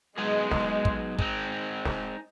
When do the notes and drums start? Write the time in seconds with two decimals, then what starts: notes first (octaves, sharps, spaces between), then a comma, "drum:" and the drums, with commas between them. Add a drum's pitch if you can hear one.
0.17 F#3 G#3 B3 D#4 G#4
0.52 drum: snare
0.85 drum: kick
1.19 G#3 C4 D#4, drum: kick
1.85 drum: snare